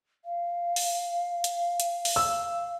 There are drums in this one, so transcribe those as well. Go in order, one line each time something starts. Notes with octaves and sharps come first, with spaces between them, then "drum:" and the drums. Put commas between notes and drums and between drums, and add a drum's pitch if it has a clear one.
F5
drum: open hi-hat
drum: hi-hat
drum: hi-hat
drum: open hi-hat
E6